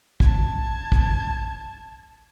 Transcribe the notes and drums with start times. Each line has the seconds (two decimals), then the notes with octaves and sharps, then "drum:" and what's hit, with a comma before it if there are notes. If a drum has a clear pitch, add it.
0.20 A5 G#6, drum: kick
0.92 drum: kick